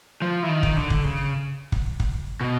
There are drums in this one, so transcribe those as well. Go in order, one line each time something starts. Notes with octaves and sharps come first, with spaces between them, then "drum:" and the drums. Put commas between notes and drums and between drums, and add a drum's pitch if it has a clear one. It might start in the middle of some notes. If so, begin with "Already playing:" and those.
F3
E3
D#3
drum: kick
D3
drum: kick
C#3
drum: kick
drum: kick
B2